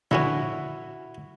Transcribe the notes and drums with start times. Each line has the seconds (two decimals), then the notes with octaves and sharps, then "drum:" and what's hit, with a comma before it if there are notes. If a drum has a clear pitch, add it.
0.11 D3 B3 C#4 E4 F#4, drum: tom A#2